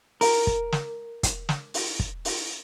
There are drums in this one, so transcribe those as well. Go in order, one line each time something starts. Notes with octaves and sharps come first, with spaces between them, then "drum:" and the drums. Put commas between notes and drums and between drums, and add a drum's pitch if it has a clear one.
A#4, drum: open hi-hat
drum: kick
drum: snare
drum: kick, hi-hat
drum: snare
drum: open hi-hat
drum: kick
drum: open hi-hat